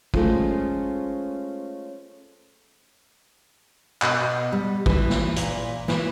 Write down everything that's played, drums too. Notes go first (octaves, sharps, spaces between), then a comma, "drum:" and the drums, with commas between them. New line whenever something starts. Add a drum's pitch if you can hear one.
G#3 A3 C#4 F4 C5, drum: kick
B2, drum: clap
G3
E3, drum: kick
drum: snare
A#2, drum: hi-hat
E3, drum: snare